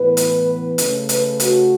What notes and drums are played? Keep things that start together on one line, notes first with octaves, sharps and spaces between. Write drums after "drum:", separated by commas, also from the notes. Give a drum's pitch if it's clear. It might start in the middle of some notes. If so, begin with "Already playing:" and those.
Already playing: A2 E3 B3 B4
drum: hi-hat
C#3 A3 C#4, drum: hi-hat
B4, drum: hi-hat
F#4, drum: hi-hat